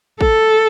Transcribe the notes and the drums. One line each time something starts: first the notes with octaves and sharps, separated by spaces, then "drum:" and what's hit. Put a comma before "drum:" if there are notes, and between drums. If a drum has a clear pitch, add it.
A4, drum: kick